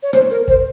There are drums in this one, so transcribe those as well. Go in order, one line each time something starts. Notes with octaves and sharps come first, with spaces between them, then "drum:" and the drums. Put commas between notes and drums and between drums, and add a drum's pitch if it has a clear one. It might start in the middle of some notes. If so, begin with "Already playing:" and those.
C#5
C5, drum: rim click
A#4
C5, drum: kick